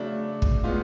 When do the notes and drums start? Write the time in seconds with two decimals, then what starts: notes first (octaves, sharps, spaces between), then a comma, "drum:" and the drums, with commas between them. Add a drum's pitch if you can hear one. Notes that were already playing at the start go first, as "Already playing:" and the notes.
Already playing: C#3 F#3 A3 D4
0.42 drum: kick
0.64 A2 G#3 B3 F4